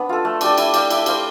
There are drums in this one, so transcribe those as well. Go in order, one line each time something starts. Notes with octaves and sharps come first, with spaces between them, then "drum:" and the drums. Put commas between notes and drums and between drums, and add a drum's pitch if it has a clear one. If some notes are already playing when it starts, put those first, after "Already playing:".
Already playing: B3 D4
F4 A4
A3
D4 G4 D5, drum: cymbal
E4, drum: cymbal
G4 D5 F5, drum: cymbal
E4, drum: cymbal
G4 C5 F5, drum: cymbal